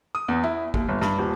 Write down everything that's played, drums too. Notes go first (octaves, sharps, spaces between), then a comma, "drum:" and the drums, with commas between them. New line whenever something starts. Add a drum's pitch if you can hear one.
D#6
E2
E4
D#2, drum: kick
G1
G2, drum: snare
D#1